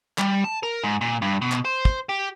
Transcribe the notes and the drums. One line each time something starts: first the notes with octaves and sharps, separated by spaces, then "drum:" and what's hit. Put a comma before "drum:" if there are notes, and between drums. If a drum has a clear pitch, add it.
G3, drum: clap
A5
A#4
G#2
A#2
G2
B2
drum: clap
C5
drum: kick
G4